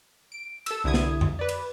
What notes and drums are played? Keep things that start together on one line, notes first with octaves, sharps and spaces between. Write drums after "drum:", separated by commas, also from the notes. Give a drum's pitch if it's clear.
D7
A4 E6, drum: cymbal
C2 D3 E4 D#6 G#6
drum: snare
drum: tom F2
B4 D5
drum: cymbal